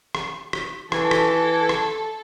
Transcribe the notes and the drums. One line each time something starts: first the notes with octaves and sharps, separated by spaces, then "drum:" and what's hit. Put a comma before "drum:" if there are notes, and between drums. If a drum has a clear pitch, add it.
drum: rim click
drum: rim click
E3 A4, drum: rim click
drum: rim click
drum: rim click